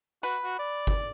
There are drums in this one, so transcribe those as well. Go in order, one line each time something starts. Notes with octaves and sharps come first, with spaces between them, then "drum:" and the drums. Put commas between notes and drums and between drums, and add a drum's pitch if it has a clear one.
F#4 B4
F#4
D5
drum: kick